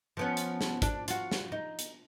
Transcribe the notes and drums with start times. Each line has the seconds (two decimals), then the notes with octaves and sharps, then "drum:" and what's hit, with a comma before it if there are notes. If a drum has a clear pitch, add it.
0.17 F3 B3 C#4
0.37 drum: hi-hat
0.61 drum: snare
0.82 D4, drum: kick, hi-hat
1.08 F4 F#4, drum: hi-hat
1.31 drum: snare
1.52 D#4
1.79 drum: hi-hat